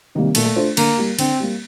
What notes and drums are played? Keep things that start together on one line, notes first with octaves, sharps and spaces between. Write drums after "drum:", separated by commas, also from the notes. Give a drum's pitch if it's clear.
C3 D#3 G3 A#3
A#2 A3, drum: cymbal
A3 D4 F4 C5
D3 A#3, drum: cymbal
G3 A#3
D3 C4, drum: cymbal
G3 A#3